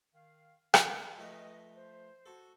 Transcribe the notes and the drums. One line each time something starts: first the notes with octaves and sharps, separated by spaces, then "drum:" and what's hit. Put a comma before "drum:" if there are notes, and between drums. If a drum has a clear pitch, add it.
D#3 F5
B2 D#3 A#3 B3 C#4, drum: rim click
F3 A3 B4 D#5
C5
F#4 A4